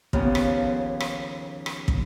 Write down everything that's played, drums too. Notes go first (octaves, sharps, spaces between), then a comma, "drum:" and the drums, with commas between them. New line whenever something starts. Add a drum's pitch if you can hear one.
D#2 C#3 F3 B3 C#4, drum: kick
drum: rim click
drum: rim click
drum: rim click
drum: kick